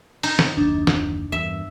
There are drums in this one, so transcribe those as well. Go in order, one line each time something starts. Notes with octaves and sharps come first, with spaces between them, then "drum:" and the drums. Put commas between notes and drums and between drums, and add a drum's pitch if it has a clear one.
D#4, drum: open hi-hat
drum: snare
F#1 D#2 D4
drum: snare
E2 G2 E5